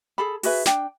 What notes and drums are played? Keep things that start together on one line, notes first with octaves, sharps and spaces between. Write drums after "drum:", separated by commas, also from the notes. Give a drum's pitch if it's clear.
G#4 A4 B5
F#4 G#4 B4 E5, drum: open hi-hat
D4 G5, drum: snare